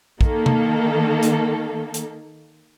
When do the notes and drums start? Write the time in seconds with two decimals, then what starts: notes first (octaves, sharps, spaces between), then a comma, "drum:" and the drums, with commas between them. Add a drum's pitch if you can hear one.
0.21 D#3 A#3 A4, drum: kick
0.46 drum: tom C3
1.23 drum: hi-hat
1.94 drum: hi-hat